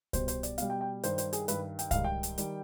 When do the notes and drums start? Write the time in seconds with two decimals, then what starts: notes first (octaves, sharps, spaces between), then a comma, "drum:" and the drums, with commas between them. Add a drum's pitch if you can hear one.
0.13 B2 G3 C5, drum: kick C2, hi-hat
0.28 C5, drum: hi-hat
0.43 D5, drum: hi-hat
0.58 B2 G3 F5, drum: hi-hat
0.70 G5
0.81 G5
1.03 G2 D#3 G3 C5, drum: hi-hat
1.18 C5, drum: hi-hat
1.33 G#4, drum: hi-hat
1.48 G2 D#3 G3 B4, drum: hi-hat
1.79 G5, drum: hi-hat
1.91 G#2 D#3 G3 F5, drum: kick C2, hi-hat
2.04 G5
2.23 drum: hi-hat
2.38 D#3 G3, drum: hi-hat